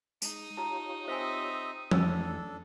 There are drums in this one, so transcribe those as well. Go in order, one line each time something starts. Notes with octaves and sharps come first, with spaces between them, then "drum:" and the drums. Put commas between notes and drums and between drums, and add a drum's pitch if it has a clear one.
G#3 D#4 D#6, drum: tambourine
F4 G4 C#5 A5 A#5
C4 C5 D#5 E5 G#5
F2 E3 A3 D4 A4 G#5 E6, drum: tom F3